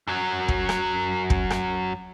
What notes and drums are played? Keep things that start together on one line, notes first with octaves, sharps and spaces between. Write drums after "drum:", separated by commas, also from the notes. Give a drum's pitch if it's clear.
F#2 F#3
drum: kick
drum: rim click
drum: kick
drum: rim click